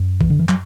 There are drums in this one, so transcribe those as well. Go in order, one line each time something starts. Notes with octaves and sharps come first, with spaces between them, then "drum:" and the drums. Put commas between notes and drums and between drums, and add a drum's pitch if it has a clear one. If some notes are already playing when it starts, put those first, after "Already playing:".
Already playing: F#2
E3, drum: kick A1
D3
E3
F#3, drum: clap